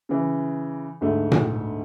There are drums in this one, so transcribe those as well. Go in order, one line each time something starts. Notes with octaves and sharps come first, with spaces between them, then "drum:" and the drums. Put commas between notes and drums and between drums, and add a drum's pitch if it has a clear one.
C#3 E3
D2 G#2 A3
drum: tom A#2